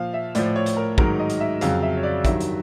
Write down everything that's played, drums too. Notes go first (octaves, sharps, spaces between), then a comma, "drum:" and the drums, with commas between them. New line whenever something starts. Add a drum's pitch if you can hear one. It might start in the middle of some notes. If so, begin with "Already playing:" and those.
Already playing: A#2 F3 F5
E5
A2 F3 D5, drum: hi-hat
C#5
drum: hi-hat
A#4
G#2 D#3 F#3 A#4, drum: kick A#1
D#5
drum: hi-hat
E5
F2 C#3 F#3 F5, drum: hi-hat
E5
C#5
D5
G2 D#3 F#3 E5, drum: kick A#1, hi-hat
drum: hi-hat